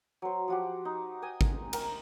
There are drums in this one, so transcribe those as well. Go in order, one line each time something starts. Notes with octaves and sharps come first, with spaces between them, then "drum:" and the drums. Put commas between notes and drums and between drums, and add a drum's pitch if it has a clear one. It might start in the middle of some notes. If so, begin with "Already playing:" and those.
F#3 C5
F3 F#4 G4
D#4
D#5 G5 G#5 D#6
drum: kick
A#4 G5 C#6, drum: cymbal